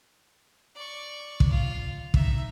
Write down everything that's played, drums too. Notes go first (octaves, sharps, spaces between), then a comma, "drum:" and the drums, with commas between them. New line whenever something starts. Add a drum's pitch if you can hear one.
D5 C#6
drum: kick
F4
D#4 E5, drum: kick